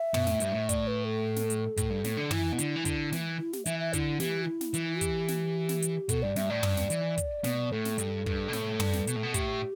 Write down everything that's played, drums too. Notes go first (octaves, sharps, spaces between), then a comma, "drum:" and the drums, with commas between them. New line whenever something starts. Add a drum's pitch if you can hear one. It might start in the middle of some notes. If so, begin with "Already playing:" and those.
Already playing: E5
B2, drum: tom
A2, drum: snare
G2, drum: hi-hat
A2
D5, drum: kick, hi-hat
B4
A4
drum: snare
drum: hi-hat
A2, drum: kick, hi-hat
G2
A2, drum: snare
D3
E3 E4, drum: tom
B2
D3, drum: hi-hat
E3
D3, drum: kick, hi-hat
E3, drum: snare
E4
G4, drum: snare
E3 E5, drum: hi-hat
E5
D3 E4, drum: kick, hi-hat
E3 G4, drum: snare
E4
drum: snare
E3, drum: hi-hat
G4, drum: kick, hi-hat
drum: snare
drum: snare
drum: hi-hat
B2 A4, drum: kick, hi-hat
G2 D5
G2 E5, drum: snare
A2 D5
G2, drum: tom
drum: snare
E3, drum: hi-hat
drum: kick, hi-hat
B2, drum: snare
A2 A4
drum: snare
G2, drum: hi-hat
G2, drum: kick
B2
A2, drum: snare
G2, drum: tom
drum: snare
B2, drum: hi-hat
A2
B2
A2 G4, drum: kick, hi-hat